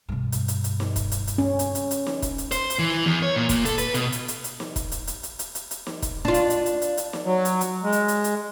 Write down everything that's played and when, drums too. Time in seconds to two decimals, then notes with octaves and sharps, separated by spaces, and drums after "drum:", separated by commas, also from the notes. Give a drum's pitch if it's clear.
0.09 G2 B2
0.32 drum: hi-hat
0.48 drum: hi-hat
0.64 drum: hi-hat
0.80 drum: snare
0.96 drum: kick, hi-hat
1.12 drum: hi-hat
1.27 drum: hi-hat
1.38 C#4
1.59 drum: hi-hat
1.75 drum: hi-hat
1.91 drum: hi-hat
2.07 drum: snare
2.22 drum: kick, hi-hat
2.38 drum: hi-hat
2.52 C5, drum: hi-hat
2.70 drum: hi-hat
2.79 E3
3.06 E2
3.23 C#5
3.36 A#2
3.49 A#2, drum: kick, hi-hat
3.65 A4, drum: hi-hat
3.78 B4, drum: hi-hat
3.94 B2, drum: hi-hat
4.12 drum: hi-hat
4.28 drum: hi-hat
4.44 drum: hi-hat
4.60 drum: snare
4.76 drum: kick, hi-hat
4.92 drum: hi-hat
5.07 drum: hi-hat
5.23 drum: hi-hat
5.39 drum: hi-hat
5.55 drum: hi-hat
5.71 drum: hi-hat
5.87 drum: snare
6.02 drum: kick, hi-hat
6.25 D4 F4
6.34 drum: hi-hat
6.50 drum: hi-hat
6.66 drum: hi-hat
6.82 drum: hi-hat
6.97 drum: hi-hat
7.13 drum: snare
7.25 F#3
7.45 drum: hi-hat
7.61 drum: hi-hat
7.83 G#3
7.92 drum: hi-hat
8.08 drum: hi-hat
8.24 drum: hi-hat